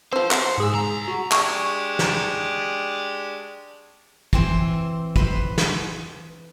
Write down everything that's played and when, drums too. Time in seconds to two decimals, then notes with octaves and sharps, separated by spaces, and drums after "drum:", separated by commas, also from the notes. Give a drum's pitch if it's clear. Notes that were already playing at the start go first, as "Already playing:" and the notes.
0.12 F3 C4 C5
0.31 F#5, drum: clap
0.58 G#2 G#4 E6
0.73 C2 A#5
1.08 F#4
1.32 G#3 D4 G4 C#6, drum: clap
1.99 drum: snare
4.33 E3 C4 C5, drum: kick
5.16 B4 C5, drum: kick
5.58 drum: snare